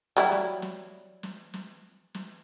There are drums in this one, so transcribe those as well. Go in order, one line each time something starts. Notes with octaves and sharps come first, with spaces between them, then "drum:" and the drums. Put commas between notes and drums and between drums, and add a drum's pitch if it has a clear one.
F#3 G3 E4
drum: snare
drum: snare
drum: snare
drum: snare
drum: snare